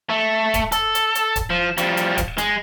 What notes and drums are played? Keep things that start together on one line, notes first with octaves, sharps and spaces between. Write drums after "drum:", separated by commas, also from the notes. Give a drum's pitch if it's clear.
A3
drum: kick, hi-hat
A4, drum: hi-hat
drum: hi-hat
drum: hi-hat
drum: kick, hi-hat
F3
F3 G3, drum: hi-hat
drum: hi-hat
drum: kick, hi-hat
G#3, drum: hi-hat